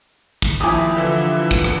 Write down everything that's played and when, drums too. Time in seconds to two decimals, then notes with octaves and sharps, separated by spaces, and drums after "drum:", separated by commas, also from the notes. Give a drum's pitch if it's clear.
0.42 drum: kick
0.60 D#2 F3 E4 G4 G#5 D6 D#6
0.97 D3 E3 F3
1.51 drum: kick
1.64 drum: rim click